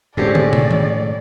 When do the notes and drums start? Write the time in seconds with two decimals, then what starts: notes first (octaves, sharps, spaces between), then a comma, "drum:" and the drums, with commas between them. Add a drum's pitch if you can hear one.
0.17 A2 D3 G#3 A3 C4 C#4 G4 D5
0.35 drum: tom
0.53 drum: tom
0.71 drum: tom D#3